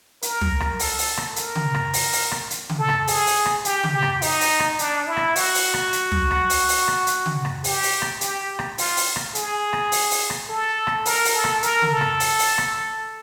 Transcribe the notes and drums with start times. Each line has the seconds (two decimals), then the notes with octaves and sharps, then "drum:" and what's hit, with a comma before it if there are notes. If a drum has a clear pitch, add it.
0.22 A#4, drum: hi-hat
0.41 drum: tom
0.60 drum: rim click
0.79 A4, drum: open hi-hat
0.98 drum: open hi-hat
1.17 drum: rim click
1.36 A#4, drum: hi-hat
1.55 drum: tom C#3
1.74 drum: rim click
1.93 drum: open hi-hat
2.12 drum: open hi-hat
2.31 drum: rim click
2.50 drum: hi-hat
2.69 drum: tom C#3
2.79 A4
2.88 drum: rim click
3.07 G#4, drum: open hi-hat
3.26 drum: open hi-hat
3.46 drum: rim click
3.65 G4, drum: hi-hat
3.84 drum: tom C#3
3.93 G4
4.03 drum: rim click
4.22 D#4, drum: open hi-hat
4.41 drum: open hi-hat
4.60 drum: rim click
4.79 D4, drum: hi-hat
5.07 E4
5.17 drum: rim click
5.36 F#4, drum: open hi-hat
5.55 drum: open hi-hat
5.74 drum: rim click
5.93 drum: hi-hat
6.12 drum: tom
6.31 drum: rim click
6.50 drum: open hi-hat
6.69 drum: open hi-hat
6.88 drum: rim click
7.07 drum: hi-hat
7.26 drum: tom C#3
7.45 drum: rim click
7.64 G4, drum: open hi-hat
7.83 drum: open hi-hat
8.02 drum: rim click
8.21 G4, drum: hi-hat
8.59 drum: rim click
8.78 F4, drum: open hi-hat
8.97 drum: open hi-hat
9.16 drum: rim click
9.35 G#4, drum: hi-hat
9.73 drum: rim click
9.92 drum: open hi-hat
10.11 drum: open hi-hat
10.30 drum: rim click
10.49 A4
10.87 drum: rim click
11.05 A#4, drum: open hi-hat
11.25 drum: open hi-hat
11.34 A4
11.44 drum: rim click
11.63 A#4, drum: hi-hat
11.82 drum: tom C#3
11.91 A4
12.01 drum: rim click
12.20 drum: open hi-hat
12.39 drum: open hi-hat
12.58 drum: rim click